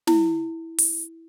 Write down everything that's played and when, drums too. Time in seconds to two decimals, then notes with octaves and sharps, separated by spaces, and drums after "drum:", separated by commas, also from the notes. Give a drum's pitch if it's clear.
0.07 E4, drum: snare
0.78 drum: open hi-hat